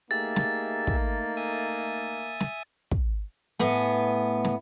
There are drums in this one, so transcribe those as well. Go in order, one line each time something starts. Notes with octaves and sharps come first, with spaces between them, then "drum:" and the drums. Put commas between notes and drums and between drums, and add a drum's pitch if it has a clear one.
A3 A#3 D#4 G4 G#4 E5 A6
drum: snare
drum: kick
E5 G#5 D#6
drum: snare
drum: kick
A2 B3 G#5
drum: snare